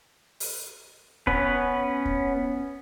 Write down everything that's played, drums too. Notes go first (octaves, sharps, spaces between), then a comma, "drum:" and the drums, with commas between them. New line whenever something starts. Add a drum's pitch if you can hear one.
drum: open hi-hat
B3 C#4 B4, drum: kick
drum: kick